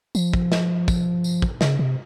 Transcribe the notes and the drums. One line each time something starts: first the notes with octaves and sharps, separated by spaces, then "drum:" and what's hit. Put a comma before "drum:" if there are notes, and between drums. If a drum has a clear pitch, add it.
F3, drum: tambourine
drum: kick
drum: snare
drum: kick, tambourine
drum: tambourine
drum: kick
C#3, drum: snare
C3